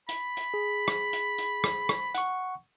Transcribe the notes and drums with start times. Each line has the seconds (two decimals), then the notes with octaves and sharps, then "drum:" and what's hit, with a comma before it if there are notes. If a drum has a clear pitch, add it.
0.09 B5, drum: hi-hat
0.37 drum: hi-hat
0.54 G#4
0.88 drum: rim click
1.13 drum: hi-hat
1.38 drum: hi-hat
1.64 drum: rim click
1.89 drum: rim click
2.15 F#5 C#6, drum: hi-hat